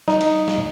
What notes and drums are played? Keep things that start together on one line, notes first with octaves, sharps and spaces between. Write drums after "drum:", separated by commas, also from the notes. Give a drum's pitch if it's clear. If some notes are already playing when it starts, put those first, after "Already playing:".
D#4, drum: snare
drum: cymbal
drum: snare